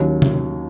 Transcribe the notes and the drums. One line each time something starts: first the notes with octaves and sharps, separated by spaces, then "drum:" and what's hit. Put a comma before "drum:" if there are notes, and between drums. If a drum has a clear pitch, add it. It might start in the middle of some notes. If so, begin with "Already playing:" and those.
Already playing: D#2 D#3 F#3 C#4
drum: tom C3